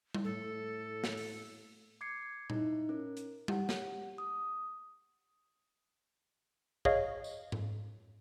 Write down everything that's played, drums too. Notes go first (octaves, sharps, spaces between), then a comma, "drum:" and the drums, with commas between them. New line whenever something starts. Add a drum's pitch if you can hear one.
drum: tom G3
A2 A4
drum: snare
drum: open hi-hat
D6 G#6 C7 C#7
D#4 E4, drum: tom A#2
C#4 A#4
drum: hi-hat
G4 F#5, drum: tom G3
drum: snare
D#6
G#4 C#5 D#5 F5, drum: kick
drum: tambourine
drum: tom G#2